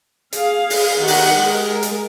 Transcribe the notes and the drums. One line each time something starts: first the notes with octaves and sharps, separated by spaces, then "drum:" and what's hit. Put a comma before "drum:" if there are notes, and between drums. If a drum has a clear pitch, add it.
G#4 F5, drum: hi-hat
drum: open hi-hat
D#3 G4 F#5
drum: open hi-hat
G#3 A#4
drum: hi-hat